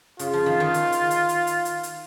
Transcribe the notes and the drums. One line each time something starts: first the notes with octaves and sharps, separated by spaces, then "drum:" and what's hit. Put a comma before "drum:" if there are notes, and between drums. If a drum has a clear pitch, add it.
C#3 F4, drum: hi-hat
F3
D#3
D#3
drum: hi-hat
drum: hi-hat
drum: hi-hat
drum: hi-hat
drum: hi-hat
drum: hi-hat
drum: hi-hat